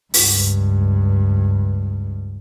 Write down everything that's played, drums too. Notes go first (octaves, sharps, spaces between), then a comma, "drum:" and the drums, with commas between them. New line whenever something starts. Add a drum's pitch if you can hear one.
C#2 G2, drum: open hi-hat